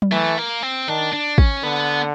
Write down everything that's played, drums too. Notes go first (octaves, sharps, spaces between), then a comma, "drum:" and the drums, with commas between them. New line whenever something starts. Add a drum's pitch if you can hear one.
drum: tom F#3
E3 A3
A#3
C4
D#3 D4
D4
C#4, drum: kick
D3 B3